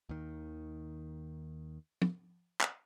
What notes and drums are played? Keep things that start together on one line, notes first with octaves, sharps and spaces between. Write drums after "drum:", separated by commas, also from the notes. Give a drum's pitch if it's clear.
D#2 D#3
drum: tom
drum: clap